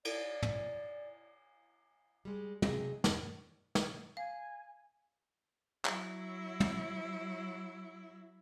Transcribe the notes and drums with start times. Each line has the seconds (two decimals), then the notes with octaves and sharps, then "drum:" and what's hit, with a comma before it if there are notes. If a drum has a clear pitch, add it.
0.05 D5, drum: cymbal
0.42 drum: tom
2.25 G3 G#3
2.62 C3 D#3 F#3 G#4 D#5, drum: tom
3.04 E2 G2 D3, drum: snare
3.75 drum: snare
4.17 F5 G#5
5.85 F#3 E4, drum: clap
6.60 drum: tom